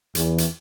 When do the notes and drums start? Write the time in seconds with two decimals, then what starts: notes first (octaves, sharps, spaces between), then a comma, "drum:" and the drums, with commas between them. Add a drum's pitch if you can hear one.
0.15 E2, drum: hi-hat
0.38 drum: hi-hat